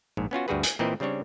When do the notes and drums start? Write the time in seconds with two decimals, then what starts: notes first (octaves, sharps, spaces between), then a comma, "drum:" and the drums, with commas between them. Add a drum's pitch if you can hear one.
0.17 A#1 G#2
0.31 B3 C#4 F4 F#4
0.48 D2 G2 G3 F#4 G#4 B4
0.63 G#5, drum: hi-hat
0.79 A#2 E3 C4 E4 A#4 D#5
1.00 C#3 G3 C4 D4 C#5